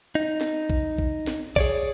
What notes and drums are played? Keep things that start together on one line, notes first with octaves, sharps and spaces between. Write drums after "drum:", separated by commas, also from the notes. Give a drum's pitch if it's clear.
D#4
drum: snare
drum: kick
drum: kick
drum: snare
G#4 C#5 D5, drum: kick